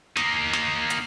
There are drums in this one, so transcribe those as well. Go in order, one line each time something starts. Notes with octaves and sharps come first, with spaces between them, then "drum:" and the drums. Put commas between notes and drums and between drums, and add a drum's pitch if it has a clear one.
A#3 D#4, drum: snare
drum: snare
drum: hi-hat